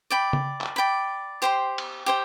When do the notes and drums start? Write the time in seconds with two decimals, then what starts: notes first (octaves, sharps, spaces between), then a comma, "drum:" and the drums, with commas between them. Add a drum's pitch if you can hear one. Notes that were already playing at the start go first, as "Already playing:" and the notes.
0.10 D5 G5 B5
0.33 drum: tom C#3
0.61 drum: clap
0.76 D5 G5 B5
1.42 G4 C5 G5 C6
1.78 drum: cymbal
2.06 G4 C5 G5